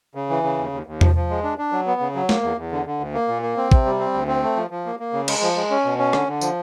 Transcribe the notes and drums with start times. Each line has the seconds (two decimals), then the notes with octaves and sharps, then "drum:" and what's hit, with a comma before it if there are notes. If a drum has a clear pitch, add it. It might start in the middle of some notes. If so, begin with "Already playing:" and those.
0.15 C#3
0.30 E3
0.43 C#3
0.58 D#2
0.72 D#2
0.86 D#2
1.01 F3, drum: tom E2
1.15 F3
1.30 G#3
1.43 D4
1.58 D4
1.72 F#3
1.87 B3
2.00 C#3
2.15 F#3
2.29 A#3, drum: snare
2.43 E2
2.57 E2
2.72 D3
2.86 D3
3.00 D2
3.14 A#3
3.28 A#2
3.42 A#3
3.57 C4
3.71 C3, drum: kick
3.86 G3
3.99 C4
4.14 D2
4.27 C4
4.43 A3
4.56 F3
4.70 F3
4.86 A#3
5.00 A#3
5.13 C#3
5.28 G#3, drum: cymbal
5.42 F3
5.56 G#3
5.70 C#4
5.85 B2
5.98 C#4
6.13 D3, drum: rim click
6.28 D3
6.41 F3, drum: tambourine